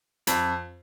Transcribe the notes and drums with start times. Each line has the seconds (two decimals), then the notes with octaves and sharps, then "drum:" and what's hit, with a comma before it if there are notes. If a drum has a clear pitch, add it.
0.27 F2, drum: hi-hat